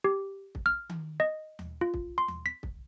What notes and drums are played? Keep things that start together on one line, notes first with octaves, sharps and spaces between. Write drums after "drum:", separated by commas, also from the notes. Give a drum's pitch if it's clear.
G4
drum: kick
F6
drum: tom D#3
D#5
drum: tom D#2
F4
drum: kick
C6
drum: tom D#2
B6
drum: kick